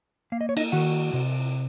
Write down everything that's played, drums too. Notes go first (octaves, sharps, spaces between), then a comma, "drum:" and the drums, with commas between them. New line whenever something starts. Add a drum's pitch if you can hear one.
A#3 F5
D#5
C#5
D#4 D#5, drum: cymbal
D#3 F#4 F#5
C3